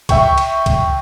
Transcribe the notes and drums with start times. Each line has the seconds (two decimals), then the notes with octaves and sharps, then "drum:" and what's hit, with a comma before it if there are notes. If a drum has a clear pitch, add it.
0.09 E5 G5 C#6, drum: kick B1, cymbal
0.38 drum: cymbal
0.66 drum: kick B1, cymbal